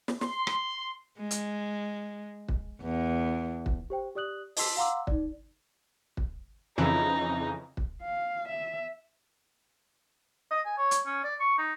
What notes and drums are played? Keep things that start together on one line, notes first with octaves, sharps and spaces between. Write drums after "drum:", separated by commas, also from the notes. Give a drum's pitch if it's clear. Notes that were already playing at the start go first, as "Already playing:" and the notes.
drum: snare
C6, drum: snare
drum: rim click
G#3
drum: hi-hat
drum: kick
E2
drum: kick
G4 C5 G5
G4 D5 D#6 F#6 F#7
D#5 A5 C6 E6 B6, drum: open hi-hat
F5 F#5 A#5 C6 D6 E6
D#4 D5, drum: kick
drum: kick
F2 C#3 E3 D#4
drum: kick
F5
E5
D#5
G#5
C#5
drum: hi-hat
C#4
D5
C#6
D#4